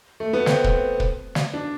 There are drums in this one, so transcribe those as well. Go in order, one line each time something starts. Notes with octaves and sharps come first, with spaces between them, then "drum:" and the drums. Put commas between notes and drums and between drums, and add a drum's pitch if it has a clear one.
A3
B3
C4, drum: snare
drum: kick
drum: kick
drum: snare
D4